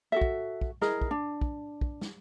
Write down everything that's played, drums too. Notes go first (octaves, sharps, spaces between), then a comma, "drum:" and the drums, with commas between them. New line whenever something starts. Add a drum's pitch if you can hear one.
F#4 A4 E5
drum: kick
drum: kick
E4 G#4 A#4 D#5, drum: snare
drum: kick
D4
drum: kick
drum: kick
drum: snare